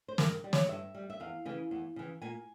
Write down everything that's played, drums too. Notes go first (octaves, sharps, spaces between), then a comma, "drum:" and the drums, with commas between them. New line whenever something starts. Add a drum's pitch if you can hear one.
C5
G2 A#4, drum: snare
G3
C#5, drum: snare
G2 E5
G3
E5
E2 F5
C#3 E3
E2
C#3 E3
A#2 G#5